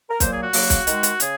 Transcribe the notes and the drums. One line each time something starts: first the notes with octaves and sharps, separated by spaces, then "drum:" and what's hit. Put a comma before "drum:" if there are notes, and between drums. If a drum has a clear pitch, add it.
A#4
A#2 F#3 A#3 C5, drum: kick, hi-hat
G#4
F#4
C#3 F#3 A#3, drum: open hi-hat
drum: kick, hi-hat
D#3 G#3, drum: hi-hat
drum: hi-hat
C#3 G#4, drum: hi-hat